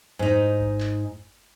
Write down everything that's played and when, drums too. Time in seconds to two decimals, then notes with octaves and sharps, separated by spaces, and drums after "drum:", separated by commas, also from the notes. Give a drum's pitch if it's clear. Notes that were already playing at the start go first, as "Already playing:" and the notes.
0.19 G#2 D#4
0.60 drum: kick G#1
0.80 drum: clap